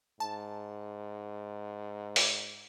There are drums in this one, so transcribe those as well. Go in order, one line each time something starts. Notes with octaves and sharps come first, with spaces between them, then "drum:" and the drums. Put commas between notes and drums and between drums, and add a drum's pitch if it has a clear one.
G#2 A5
drum: open hi-hat